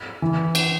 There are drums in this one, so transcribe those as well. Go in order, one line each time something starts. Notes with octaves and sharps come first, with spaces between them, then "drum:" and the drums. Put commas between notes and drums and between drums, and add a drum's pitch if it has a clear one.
E3
drum: cymbal